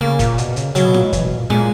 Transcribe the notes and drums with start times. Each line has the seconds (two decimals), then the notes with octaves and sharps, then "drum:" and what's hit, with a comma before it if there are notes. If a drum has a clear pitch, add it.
0.01 C#3 A#3
0.19 A#2, drum: kick, hi-hat
0.38 B2, drum: hi-hat
0.56 C#3, drum: hi-hat
0.75 C#3 F#3, drum: hi-hat
0.85 B2
0.94 A#2, drum: snare E4
1.04 G#3
1.13 E3, drum: kick, hi-hat
1.25 B2
1.37 A#2
1.50 A#2 G#3, drum: snare E4